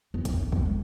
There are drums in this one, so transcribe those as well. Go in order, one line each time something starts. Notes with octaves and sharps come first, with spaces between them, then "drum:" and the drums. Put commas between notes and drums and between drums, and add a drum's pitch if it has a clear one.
E2
drum: kick, hi-hat
D#4
E2, drum: kick
G#3